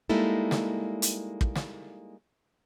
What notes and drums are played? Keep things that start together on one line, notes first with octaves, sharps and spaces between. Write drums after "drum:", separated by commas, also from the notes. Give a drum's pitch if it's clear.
G3 G#3 A#3 D#4 E4 A4
drum: snare
drum: hi-hat
drum: kick
drum: snare